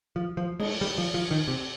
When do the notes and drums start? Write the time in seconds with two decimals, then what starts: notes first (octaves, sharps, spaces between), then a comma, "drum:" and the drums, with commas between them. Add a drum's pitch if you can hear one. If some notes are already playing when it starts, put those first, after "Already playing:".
0.16 F3
0.37 F3
0.60 G#3, drum: cymbal
0.81 G3
0.98 F3
1.14 F3
1.31 D#3
1.48 C3